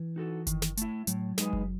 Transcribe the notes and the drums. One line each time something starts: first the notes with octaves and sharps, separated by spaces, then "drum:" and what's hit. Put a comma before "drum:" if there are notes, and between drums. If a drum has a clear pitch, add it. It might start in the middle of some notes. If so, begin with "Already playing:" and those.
Already playing: E3
D#4 F#4 A4
D#3, drum: kick F#1, hi-hat
drum: snare
A3 E4, drum: hi-hat
A2 F#3, drum: hi-hat
G#3 D#4 G#4 B4, drum: snare
drum: kick F#1